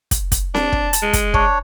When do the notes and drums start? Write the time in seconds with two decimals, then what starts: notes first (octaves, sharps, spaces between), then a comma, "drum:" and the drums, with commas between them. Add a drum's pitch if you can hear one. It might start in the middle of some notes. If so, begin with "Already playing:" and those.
0.11 drum: kick, hi-hat
0.32 drum: kick, hi-hat
0.54 D4 A5, drum: snare C4
0.72 drum: kick
0.93 drum: hi-hat
1.02 G#3
1.13 drum: kick, hi-hat
1.34 D4 C#5, drum: kick